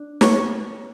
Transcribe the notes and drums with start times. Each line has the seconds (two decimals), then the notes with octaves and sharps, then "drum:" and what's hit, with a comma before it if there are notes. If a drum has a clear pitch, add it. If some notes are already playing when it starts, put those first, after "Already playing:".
Already playing: D4
0.21 C#5, drum: snare